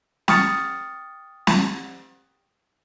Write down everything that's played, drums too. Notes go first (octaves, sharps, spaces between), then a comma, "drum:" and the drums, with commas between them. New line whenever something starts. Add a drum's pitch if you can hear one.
G5 C#6 D#6 F6 A6 C#7, drum: snare
drum: snare